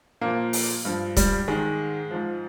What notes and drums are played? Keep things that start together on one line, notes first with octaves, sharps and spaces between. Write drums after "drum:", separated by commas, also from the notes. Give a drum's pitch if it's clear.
A#2 F3 A#3
drum: open hi-hat
G2 F3
G3, drum: kick, hi-hat
G#2 D#3 G#3
G#2 F3